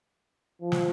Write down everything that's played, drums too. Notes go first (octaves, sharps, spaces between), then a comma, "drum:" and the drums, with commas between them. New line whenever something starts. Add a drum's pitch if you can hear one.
F3
drum: snare